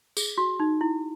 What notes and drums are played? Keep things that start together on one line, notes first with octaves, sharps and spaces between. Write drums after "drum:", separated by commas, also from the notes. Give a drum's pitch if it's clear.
G#4, drum: tambourine
F#4
D#4
E4